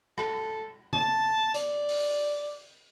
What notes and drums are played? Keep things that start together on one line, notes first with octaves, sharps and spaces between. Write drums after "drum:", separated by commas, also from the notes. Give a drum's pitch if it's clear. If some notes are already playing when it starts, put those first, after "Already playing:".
A4, drum: rim click
A5, drum: tom C#3
D5, drum: hi-hat
drum: open hi-hat